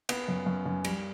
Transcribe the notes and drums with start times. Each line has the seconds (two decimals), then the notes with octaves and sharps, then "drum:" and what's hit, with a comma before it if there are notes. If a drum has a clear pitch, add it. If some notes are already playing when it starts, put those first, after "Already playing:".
0.09 B3, drum: cymbal
0.28 F#2
0.46 F#2
0.66 F#2
0.84 G3, drum: cymbal